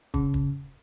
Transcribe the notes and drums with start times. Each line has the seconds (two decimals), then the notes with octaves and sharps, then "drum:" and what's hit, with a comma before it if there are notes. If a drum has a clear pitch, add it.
0.14 C#3, drum: kick
0.34 drum: kick